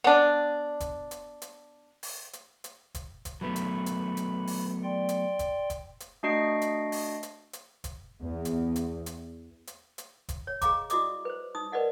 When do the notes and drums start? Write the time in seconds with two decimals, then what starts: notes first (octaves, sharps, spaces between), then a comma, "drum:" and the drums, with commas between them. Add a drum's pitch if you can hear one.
0.04 B3 D4
0.80 drum: kick F1, hi-hat
1.11 drum: hi-hat
1.42 drum: hi-hat
2.03 drum: open hi-hat
2.33 drum: hi-hat
2.64 drum: hi-hat
2.95 drum: kick F1, hi-hat
3.25 drum: kick F1, hi-hat
3.41 F#3 A3 B3 B4 B5
3.56 drum: hi-hat
3.86 drum: hi-hat
4.17 drum: hi-hat
4.47 drum: open hi-hat
4.83 D5 G5 C6
5.09 drum: hi-hat
5.39 drum: kick F1, hi-hat
5.70 drum: kick F1, hi-hat
6.00 drum: hi-hat
6.23 A3 D4 F#4 D#5 C7 D7
6.62 drum: hi-hat
6.92 drum: open hi-hat
7.23 drum: hi-hat
7.53 drum: hi-hat
7.84 drum: kick F1, hi-hat
8.21 E2
8.45 drum: hi-hat
8.76 drum: hi-hat
9.06 drum: hi-hat
9.67 drum: hi-hat
9.98 drum: hi-hat
10.29 drum: kick F1, hi-hat
10.47 C#5
10.61 G#4 D#5 F5 A#5 D6, drum: kick F1, hi-hat
10.90 E4 F#4 D5 D#5 D6 D#6, drum: hi-hat
11.25 B4 C5
11.55 D#4 D#6
11.72 A#4 B4 D5 D#5 F#5